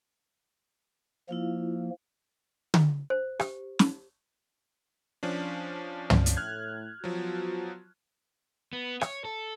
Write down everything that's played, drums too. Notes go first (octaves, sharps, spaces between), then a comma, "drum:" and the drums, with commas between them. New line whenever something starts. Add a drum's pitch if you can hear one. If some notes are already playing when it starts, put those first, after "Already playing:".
F3 A#3 E4 F4 F5
drum: tom D3
C5
G4, drum: rim click
drum: snare
F3 C#4 D4
drum: tom
drum: hi-hat
A2 F6 F#6 G#6
F3 F#3 B3 F4 F#4
B3
C#5, drum: rim click
A4